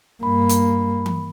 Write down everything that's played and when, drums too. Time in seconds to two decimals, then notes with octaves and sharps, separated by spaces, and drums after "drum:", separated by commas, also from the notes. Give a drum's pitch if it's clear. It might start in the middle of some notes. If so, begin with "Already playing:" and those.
0.23 G2 A#3 B5
0.49 drum: hi-hat
1.06 drum: tom E3